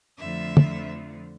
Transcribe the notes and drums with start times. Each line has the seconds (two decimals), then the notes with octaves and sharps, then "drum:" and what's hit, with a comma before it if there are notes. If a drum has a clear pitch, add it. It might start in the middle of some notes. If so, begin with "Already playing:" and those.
0.18 F2 D3 F3 A3 E5
0.57 drum: tom